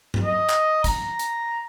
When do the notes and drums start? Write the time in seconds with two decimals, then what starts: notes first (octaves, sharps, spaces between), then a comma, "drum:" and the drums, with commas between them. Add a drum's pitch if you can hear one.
0.14 drum: tom G2
0.24 D#5
0.49 drum: clap
0.84 A#5, drum: kick, hi-hat
1.19 drum: hi-hat